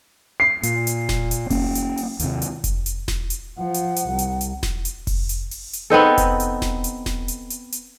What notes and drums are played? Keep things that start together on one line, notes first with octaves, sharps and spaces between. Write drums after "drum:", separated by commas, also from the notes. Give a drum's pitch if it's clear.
C7
A#2, drum: hi-hat
drum: hi-hat
drum: snare E1
drum: hi-hat
A#3 C#4, drum: kick F1, open hi-hat
drum: hi-hat
drum: open hi-hat
D#2 C3, drum: hi-hat
drum: hi-hat
drum: kick F1, hi-hat
drum: hi-hat
drum: snare E1
drum: hi-hat
F3 F#5
drum: hi-hat
drum: hi-hat
C2
drum: hi-hat
drum: hi-hat
drum: snare E1
drum: hi-hat
drum: kick F1, open hi-hat
drum: hi-hat
drum: open hi-hat
drum: hi-hat
B3 C4 D#4 A4
drum: kick F1, hi-hat
drum: hi-hat
drum: snare E1
drum: hi-hat
drum: snare E1
drum: hi-hat
drum: hi-hat
drum: hi-hat